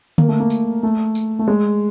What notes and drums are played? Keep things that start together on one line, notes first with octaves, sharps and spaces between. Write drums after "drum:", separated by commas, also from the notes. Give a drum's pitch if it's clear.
A#3, drum: tom D3
A3
A#3
drum: tambourine
A3
drum: tambourine
A3
G#3